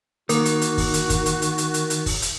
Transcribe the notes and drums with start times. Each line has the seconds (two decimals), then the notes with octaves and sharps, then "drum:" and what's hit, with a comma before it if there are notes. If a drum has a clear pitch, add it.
0.29 D#3 A#3 F#4 A#4, drum: hi-hat
0.45 drum: hi-hat
0.61 drum: hi-hat
0.78 drum: kick, open hi-hat
0.94 drum: hi-hat
1.10 drum: kick, hi-hat
1.26 drum: hi-hat
1.42 drum: hi-hat
1.58 drum: hi-hat
1.74 drum: hi-hat
1.90 drum: hi-hat
2.06 drum: kick, open hi-hat
2.22 drum: hi-hat